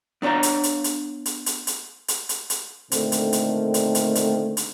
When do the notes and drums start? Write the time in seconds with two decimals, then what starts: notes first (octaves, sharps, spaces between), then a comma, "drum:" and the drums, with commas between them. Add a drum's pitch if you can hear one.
0.22 B3 D4 C#5 F5 A#5
0.43 drum: hi-hat
0.63 drum: hi-hat
0.84 drum: hi-hat
1.26 drum: hi-hat
1.46 drum: hi-hat
1.67 drum: hi-hat
2.08 drum: hi-hat
2.29 drum: hi-hat
2.50 drum: hi-hat
2.92 A#2 D3 D#3 A3 C4, drum: hi-hat
3.12 drum: hi-hat
3.33 drum: hi-hat
3.74 drum: hi-hat
3.95 drum: hi-hat
4.15 drum: hi-hat
4.57 drum: hi-hat